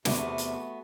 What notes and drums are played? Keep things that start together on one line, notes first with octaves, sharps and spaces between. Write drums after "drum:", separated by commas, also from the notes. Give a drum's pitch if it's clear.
E2 C3 A3 B3 F#4, drum: snare
drum: hi-hat